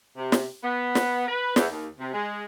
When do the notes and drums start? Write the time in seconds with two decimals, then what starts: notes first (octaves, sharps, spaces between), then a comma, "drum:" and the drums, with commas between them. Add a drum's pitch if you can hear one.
0.16 C3
0.32 drum: snare
0.62 B3
0.95 drum: snare
1.28 B4
1.56 E2, drum: snare
1.70 D#2
1.99 C3
2.13 G#3